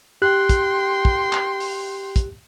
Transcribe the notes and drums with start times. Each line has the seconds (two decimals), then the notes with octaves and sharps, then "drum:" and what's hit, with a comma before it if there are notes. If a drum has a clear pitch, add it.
0.22 G4 G5 C6 F#6
0.49 drum: kick, hi-hat
1.05 drum: kick
1.33 drum: clap
1.60 drum: open hi-hat
2.16 drum: kick, hi-hat